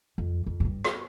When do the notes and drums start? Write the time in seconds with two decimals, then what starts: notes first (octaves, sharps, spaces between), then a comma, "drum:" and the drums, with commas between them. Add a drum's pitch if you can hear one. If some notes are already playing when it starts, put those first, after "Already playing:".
0.18 F2
0.47 F2
0.60 G#2
0.65 G2
0.85 drum: rim click